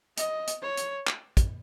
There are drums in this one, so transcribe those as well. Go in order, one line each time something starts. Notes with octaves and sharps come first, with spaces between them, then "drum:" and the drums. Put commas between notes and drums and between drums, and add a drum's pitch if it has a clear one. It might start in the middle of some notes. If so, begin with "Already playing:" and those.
D#5, drum: hi-hat
drum: hi-hat
C#5
drum: hi-hat
drum: clap
drum: kick, hi-hat